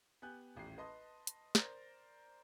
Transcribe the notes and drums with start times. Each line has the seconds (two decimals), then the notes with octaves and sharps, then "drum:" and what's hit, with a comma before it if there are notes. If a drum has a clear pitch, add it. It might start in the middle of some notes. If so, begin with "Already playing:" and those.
0.22 B3 G4 G#5 F#6 G6
0.55 D#1 A1 G4 C7
0.78 B4 D#5 A5 C6 D#6
1.27 drum: hi-hat
1.55 A#4 C5 D5 A6 A#6, drum: snare